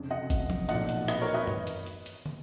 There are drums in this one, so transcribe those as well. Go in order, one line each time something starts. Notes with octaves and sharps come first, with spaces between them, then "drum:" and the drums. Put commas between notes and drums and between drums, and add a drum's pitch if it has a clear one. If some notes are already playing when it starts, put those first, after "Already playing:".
Already playing: F1 F2 C#3
D#5 F#5
drum: kick G1, hi-hat
drum: tom F3
B1 A#2 F3 D#5 F#5, drum: hi-hat
drum: hi-hat
B4 D#5, drum: rim click
A#4 C#5
B4 D#5
drum: tom F#2
drum: hi-hat
drum: hi-hat
drum: hi-hat
drum: tom